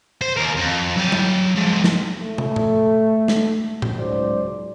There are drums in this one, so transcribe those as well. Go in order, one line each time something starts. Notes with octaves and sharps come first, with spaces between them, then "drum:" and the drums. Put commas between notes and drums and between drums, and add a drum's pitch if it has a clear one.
C5
D#2 A#4
F2
F#3 G5
drum: tom G3
F3 G#3
drum: snare
A3
drum: tom
drum: tom A2
drum: snare
drum: tom A2
C#2 G#2 F#3 C5 D5